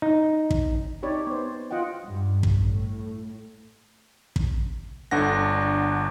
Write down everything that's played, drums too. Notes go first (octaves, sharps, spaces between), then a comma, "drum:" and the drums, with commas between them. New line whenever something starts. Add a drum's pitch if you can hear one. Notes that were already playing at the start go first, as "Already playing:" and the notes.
D#4
drum: kick
C4 D#4 G4 C#5 D5 B5
B3 C5
F4 D#5 F#5 G5
G2
drum: kick
A2
drum: kick
G1 D3 D4 F#5 A#6